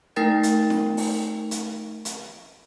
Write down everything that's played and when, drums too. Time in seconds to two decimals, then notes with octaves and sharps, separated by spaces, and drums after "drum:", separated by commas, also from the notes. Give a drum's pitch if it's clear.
0.16 A3 D#4 A#4 G5 A6 A#6
0.43 drum: hi-hat
0.70 drum: snare
0.97 drum: open hi-hat
1.51 drum: hi-hat
2.05 drum: hi-hat